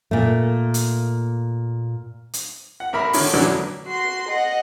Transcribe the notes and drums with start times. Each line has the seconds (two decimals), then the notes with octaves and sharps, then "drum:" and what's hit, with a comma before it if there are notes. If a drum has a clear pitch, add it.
0.11 A#2 A3
0.74 drum: hi-hat
2.33 drum: hi-hat
2.80 F#5
2.93 A1 A#4 E5 B5
3.13 D3 D#3 C#4, drum: open hi-hat
3.33 F2 A#2 D3 E3 F#3 D4
3.44 F#3
3.86 F#4 C6
4.29 D#5 F#5